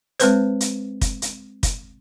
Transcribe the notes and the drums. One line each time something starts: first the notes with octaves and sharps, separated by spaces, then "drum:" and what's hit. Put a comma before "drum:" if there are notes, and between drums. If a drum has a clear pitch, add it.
G#3 C4 B4 C5, drum: hi-hat
drum: hi-hat
drum: kick, hi-hat
drum: hi-hat
drum: kick, hi-hat